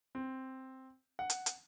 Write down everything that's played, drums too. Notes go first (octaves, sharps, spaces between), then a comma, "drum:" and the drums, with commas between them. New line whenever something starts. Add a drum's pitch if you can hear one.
C4
F#5
drum: hi-hat
drum: hi-hat